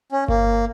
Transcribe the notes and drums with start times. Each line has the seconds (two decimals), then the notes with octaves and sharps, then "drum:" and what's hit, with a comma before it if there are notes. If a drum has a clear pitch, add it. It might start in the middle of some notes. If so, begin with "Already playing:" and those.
0.12 C#4
0.28 A#3, drum: kick G1